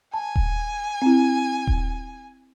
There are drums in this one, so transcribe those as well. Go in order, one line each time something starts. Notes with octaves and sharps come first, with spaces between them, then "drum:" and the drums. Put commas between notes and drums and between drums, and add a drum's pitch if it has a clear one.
G#5 A5
drum: kick D#1
C4 E4
drum: kick D#1